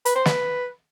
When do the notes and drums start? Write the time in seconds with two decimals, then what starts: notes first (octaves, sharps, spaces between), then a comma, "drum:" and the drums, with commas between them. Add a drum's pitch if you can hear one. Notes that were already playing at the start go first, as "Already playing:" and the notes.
0.05 B4, drum: hi-hat
0.15 C5
0.25 B4, drum: snare